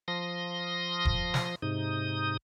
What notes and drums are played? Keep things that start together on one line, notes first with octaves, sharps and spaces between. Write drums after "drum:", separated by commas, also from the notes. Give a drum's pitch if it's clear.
F3 C6 D#6 A#6
drum: kick E1
drum: snare
G#2 C3 D#4 D#6